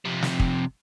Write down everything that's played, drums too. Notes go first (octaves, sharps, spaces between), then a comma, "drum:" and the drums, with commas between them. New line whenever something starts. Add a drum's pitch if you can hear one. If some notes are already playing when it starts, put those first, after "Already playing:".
F2 C3
drum: snare
drum: kick